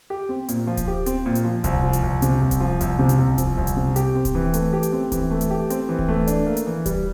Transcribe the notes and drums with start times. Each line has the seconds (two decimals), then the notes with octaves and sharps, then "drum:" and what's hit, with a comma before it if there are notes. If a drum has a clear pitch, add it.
0.10 G4
0.29 C4
0.49 A#2, drum: hi-hat
0.67 F3
0.77 drum: kick D1, hi-hat
0.88 G4
1.06 C4, drum: hi-hat
1.26 A#2
1.35 drum: hi-hat
1.45 F3
1.64 C2, drum: kick D1, hi-hat
1.83 F3
1.93 drum: hi-hat
2.02 C2
2.22 C3, drum: hi-hat
2.42 C2
2.51 drum: kick D1, hi-hat
2.60 F3
2.81 C2, drum: hi-hat
2.99 C3
3.09 drum: hi-hat
3.19 C2
3.38 F3, drum: kick D1, hi-hat
3.57 C2
3.67 drum: hi-hat
3.77 C3
3.96 G4, drum: hi-hat
4.15 C4
4.25 drum: kick D1, hi-hat
4.35 E3
4.54 A3, drum: hi-hat
4.73 G4
4.83 drum: hi-hat
4.93 C4
5.12 E3, drum: kick D1, hi-hat
5.31 A3
5.41 drum: hi-hat
5.50 G4
5.70 C4, drum: hi-hat
5.89 E3
5.99 drum: kick D1
6.08 A3
6.27 D4, drum: hi-hat
6.47 A#3
6.57 drum: hi-hat
6.66 E3
6.86 G3, drum: kick D1, hi-hat